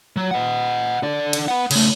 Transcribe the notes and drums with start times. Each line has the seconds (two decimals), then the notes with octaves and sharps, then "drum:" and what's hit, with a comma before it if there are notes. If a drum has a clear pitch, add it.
0.16 F#3
0.31 D#5 F#5
1.03 D3 D5
1.33 drum: cymbal
1.48 B4 F#5
1.71 C#3 A3, drum: cymbal